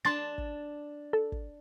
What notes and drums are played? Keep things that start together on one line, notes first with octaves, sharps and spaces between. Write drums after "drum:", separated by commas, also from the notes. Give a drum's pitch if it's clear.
D4 A5 C6 A6
drum: kick
A4
drum: kick